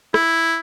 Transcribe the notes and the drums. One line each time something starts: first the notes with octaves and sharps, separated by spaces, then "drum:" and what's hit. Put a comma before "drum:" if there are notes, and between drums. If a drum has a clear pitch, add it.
E4, drum: rim click